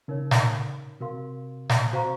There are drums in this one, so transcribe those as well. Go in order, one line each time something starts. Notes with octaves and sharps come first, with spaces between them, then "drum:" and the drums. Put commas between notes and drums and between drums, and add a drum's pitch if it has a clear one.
C#3 D#4 A#4 C#5
drum: snare
C3 F#4 A#4 F5 C6
drum: snare
C3 F#4 C5 F5 A#5 C#6